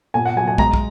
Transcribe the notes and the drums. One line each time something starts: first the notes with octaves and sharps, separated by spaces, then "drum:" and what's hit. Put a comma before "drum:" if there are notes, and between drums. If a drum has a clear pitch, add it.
A#2 G#5
F#5
F#3 G#5
G#5
G#3 A#5, drum: kick
drum: kick